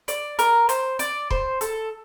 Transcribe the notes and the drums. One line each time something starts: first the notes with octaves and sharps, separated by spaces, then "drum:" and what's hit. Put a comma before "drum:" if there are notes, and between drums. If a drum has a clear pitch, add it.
D5, drum: hi-hat
A#4, drum: hi-hat
C5, drum: hi-hat
D5, drum: hi-hat
C5, drum: kick C#1
A4, drum: hi-hat